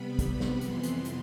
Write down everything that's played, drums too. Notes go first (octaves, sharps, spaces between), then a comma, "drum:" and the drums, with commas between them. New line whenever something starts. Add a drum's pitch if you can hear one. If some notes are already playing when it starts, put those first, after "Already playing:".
Already playing: C3 G3 B3 B5
drum: kick, hi-hat
drum: snare
F2 C3 E3 B3 C6, drum: hi-hat
drum: hi-hat
drum: hi-hat